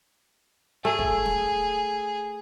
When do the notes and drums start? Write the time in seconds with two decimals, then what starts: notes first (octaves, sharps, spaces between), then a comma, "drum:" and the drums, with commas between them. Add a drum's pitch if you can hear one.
0.85 A3 G#4
0.99 drum: kick
1.25 drum: snare